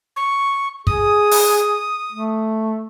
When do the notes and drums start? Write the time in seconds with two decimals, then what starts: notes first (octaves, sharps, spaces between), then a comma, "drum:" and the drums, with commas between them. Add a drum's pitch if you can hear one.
0.16 C#6
0.87 G#4 D#6, drum: kick
1.31 drum: open hi-hat
2.12 A3